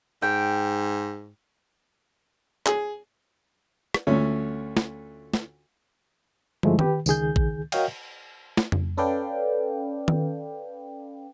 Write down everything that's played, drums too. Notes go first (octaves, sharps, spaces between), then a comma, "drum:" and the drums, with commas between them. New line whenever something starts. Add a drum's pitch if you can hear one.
G#2 G5
G#4, drum: clap
drum: rim click
D2 A3 C#4 F4 C#5
drum: snare
drum: snare
G2 F3 G#3 A3 E4, drum: tom
G4 B4 G5, drum: tom D#3
C#2 D#3 G#4 G6, drum: tambourine
drum: kick A1
F#4 A#4 C#5 D#5 F5 G5, drum: cymbal
drum: snare
drum: tom F2
C#4 A4 B4 D5 F5 G5
drum: tom D#3